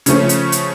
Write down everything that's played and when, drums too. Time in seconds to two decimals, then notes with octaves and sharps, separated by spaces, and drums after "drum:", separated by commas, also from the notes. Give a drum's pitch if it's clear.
0.06 C#3 F3 A3 C#4, drum: hi-hat
0.29 drum: hi-hat
0.52 drum: hi-hat